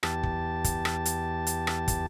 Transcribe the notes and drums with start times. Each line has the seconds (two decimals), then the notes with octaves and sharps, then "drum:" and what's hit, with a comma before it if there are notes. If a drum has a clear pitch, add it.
0.03 E2 G4 A5, drum: rim click
0.23 drum: kick
0.64 drum: kick, hi-hat
0.85 drum: rim click
1.05 drum: hi-hat
1.47 drum: hi-hat
1.67 drum: rim click
1.88 drum: kick, hi-hat